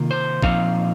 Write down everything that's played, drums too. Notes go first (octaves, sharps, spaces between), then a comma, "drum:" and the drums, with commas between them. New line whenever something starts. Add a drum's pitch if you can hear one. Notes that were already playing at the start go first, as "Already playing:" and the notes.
Already playing: C3 D#3 A#3 F4
C5
A#2 F3 C4 D#4 F5, drum: kick A1